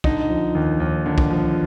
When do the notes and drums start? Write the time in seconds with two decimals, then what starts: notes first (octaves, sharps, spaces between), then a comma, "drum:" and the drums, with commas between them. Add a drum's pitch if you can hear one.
0.04 D3 D#4, drum: kick
0.29 F3
0.55 D#2
0.80 D#2
1.06 D3
1.18 drum: kick
1.30 F3